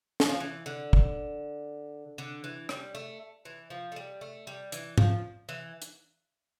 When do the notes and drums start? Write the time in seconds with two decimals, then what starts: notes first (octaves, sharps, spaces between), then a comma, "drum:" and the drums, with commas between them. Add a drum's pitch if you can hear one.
0.20 drum: snare
0.29 F3
0.40 E3
0.66 D3
0.93 drum: kick
2.18 D3
2.44 E3
2.69 G3, drum: rim click
2.95 A3
3.45 E3
3.70 F3
3.92 A3
3.96 G3
4.21 A3
4.47 G3
4.72 E3, drum: hi-hat
4.98 F3, drum: tom
5.49 E3
5.82 drum: hi-hat